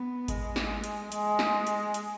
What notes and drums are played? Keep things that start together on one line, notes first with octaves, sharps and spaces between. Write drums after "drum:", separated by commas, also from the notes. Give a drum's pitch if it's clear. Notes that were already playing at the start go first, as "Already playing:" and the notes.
Already playing: B3
G#3, drum: kick G#1, hi-hat
drum: snare
drum: hi-hat
G#3, drum: hi-hat
drum: snare
drum: hi-hat
drum: hi-hat